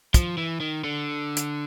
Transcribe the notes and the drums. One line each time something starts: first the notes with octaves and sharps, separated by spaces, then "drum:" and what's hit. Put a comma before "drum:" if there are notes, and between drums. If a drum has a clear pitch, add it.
F3, drum: kick, hi-hat
E3
D#3
D3
drum: hi-hat